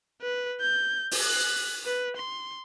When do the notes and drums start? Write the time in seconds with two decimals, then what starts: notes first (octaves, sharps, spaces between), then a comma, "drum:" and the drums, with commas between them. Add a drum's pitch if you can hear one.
0.22 B4
0.61 G6
1.11 drum: open hi-hat
1.21 F#6
1.86 B4
2.17 C6